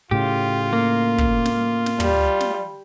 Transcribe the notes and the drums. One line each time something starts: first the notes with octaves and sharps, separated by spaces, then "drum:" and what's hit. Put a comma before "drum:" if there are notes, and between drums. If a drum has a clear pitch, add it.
A2 C#3 F4 G4
A#3
drum: kick
drum: snare
drum: snare
G3, drum: tom
drum: snare